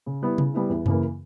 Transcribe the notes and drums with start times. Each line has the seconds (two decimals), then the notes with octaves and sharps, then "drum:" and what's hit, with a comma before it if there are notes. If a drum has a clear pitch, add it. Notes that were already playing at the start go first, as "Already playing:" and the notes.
0.06 C#3
0.22 G3 B3 E4
0.38 C#3, drum: tom C3
0.54 G3 B3 E4
0.69 E2
0.86 C#3 E3 A#3, drum: tom F#2